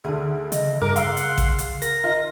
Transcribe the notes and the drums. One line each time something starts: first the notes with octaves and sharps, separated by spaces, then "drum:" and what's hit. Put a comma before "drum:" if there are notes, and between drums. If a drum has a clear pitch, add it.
D2 D3 G#4
C#3 D#5, drum: hi-hat
G2 G#4 A#4 D6
F5 F#5 C6 E6, drum: hi-hat
drum: hi-hat
drum: kick A1, hi-hat
drum: hi-hat
A#4 A#6, drum: hi-hat
F4 D#5